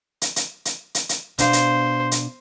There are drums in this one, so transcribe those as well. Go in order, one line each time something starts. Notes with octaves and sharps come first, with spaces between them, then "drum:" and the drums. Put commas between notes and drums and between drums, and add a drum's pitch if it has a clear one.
drum: hi-hat
drum: hi-hat
drum: hi-hat
drum: hi-hat
drum: hi-hat
B2 D4 C5 F5, drum: hi-hat
drum: hi-hat
drum: hi-hat